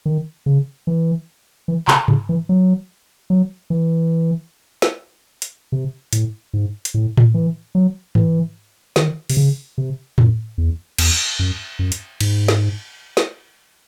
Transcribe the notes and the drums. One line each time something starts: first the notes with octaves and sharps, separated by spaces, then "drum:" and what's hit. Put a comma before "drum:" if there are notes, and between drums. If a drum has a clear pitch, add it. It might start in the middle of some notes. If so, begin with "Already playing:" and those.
D#3
C#3
E3
E3
C3, drum: clap A#5
C#3, drum: tom G#2
E3
F#3
F#3
E3
drum: snare
drum: hi-hat
C3
A2, drum: hi-hat
G#2
drum: hi-hat
A2
drum: tom A2
E3
F#3
E3, drum: tom G#2
D#3, drum: snare
C3, drum: open hi-hat
C#3
C3
F#2, drum: tom A2
E2
E2, drum: cymbal
F#2
F#2
drum: hi-hat
G#2, drum: cymbal
drum: snare
drum: snare